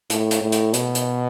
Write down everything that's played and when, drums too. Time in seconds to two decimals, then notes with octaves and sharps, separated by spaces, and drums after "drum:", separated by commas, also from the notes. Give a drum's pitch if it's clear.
0.10 A2, drum: hi-hat
0.31 drum: hi-hat
0.42 A2
0.52 drum: hi-hat
0.74 B2, drum: hi-hat
0.95 drum: hi-hat